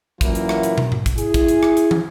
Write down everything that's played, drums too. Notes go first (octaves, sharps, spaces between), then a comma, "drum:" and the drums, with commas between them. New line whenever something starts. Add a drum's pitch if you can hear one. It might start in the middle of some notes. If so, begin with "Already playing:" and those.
F#2 A#2 E3 F#3 A#3 E4, drum: kick, hi-hat
drum: hi-hat
drum: rim click
drum: hi-hat
drum: tom
drum: tom G#2
drum: kick, hi-hat
E4 G#4, drum: hi-hat
drum: kick, hi-hat
drum: hi-hat
drum: rim click
drum: hi-hat
drum: tom